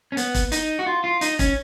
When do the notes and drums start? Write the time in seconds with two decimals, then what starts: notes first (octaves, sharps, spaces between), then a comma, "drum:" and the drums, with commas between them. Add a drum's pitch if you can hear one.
0.12 C#4
0.17 B3, drum: hi-hat
0.35 drum: kick, hi-hat
0.52 D#4, drum: hi-hat
0.79 F#4
0.87 F4
1.04 F4
1.21 D#4, drum: hi-hat
1.39 C#4, drum: kick, hi-hat